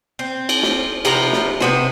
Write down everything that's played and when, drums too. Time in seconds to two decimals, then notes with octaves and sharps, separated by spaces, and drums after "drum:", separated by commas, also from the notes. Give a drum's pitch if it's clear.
0.19 C4
0.49 drum: cymbal
0.63 drum: snare
1.05 C3 F3 B3 A#5, drum: cymbal
1.33 drum: snare
1.60 C3 B3 C5, drum: snare